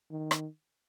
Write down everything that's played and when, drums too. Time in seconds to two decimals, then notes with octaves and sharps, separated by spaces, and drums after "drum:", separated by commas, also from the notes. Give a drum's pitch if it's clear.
0.11 D#3
0.31 drum: rim click